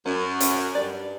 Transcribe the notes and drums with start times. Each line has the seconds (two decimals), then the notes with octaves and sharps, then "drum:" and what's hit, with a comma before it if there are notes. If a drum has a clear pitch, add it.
0.06 F#2 C#4
0.40 C#4, drum: hi-hat
0.75 G2 D5